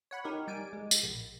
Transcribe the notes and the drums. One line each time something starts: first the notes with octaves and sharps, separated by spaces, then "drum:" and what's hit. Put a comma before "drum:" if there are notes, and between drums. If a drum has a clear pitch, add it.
C#5 F#5 B5
D#4 G4 A#4
G3 D5 G#5 D7
G#3
drum: tambourine
A#1